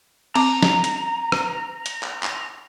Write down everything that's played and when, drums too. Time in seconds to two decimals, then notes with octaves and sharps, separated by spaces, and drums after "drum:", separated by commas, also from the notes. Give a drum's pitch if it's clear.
0.35 C4 A5 A#5 D6, drum: cymbal
0.63 drum: snare
0.84 drum: hi-hat
1.32 drum: rim click
1.86 drum: hi-hat
2.03 drum: clap
2.23 drum: clap